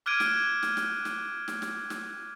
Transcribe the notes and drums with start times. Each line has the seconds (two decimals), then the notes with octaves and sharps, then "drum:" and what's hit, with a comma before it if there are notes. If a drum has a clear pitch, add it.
0.06 D6 F6 F#6 G#6 D7 D#7
0.20 drum: snare
0.63 drum: snare
0.77 drum: snare
1.05 drum: snare
1.48 drum: snare
1.62 drum: snare
1.90 drum: snare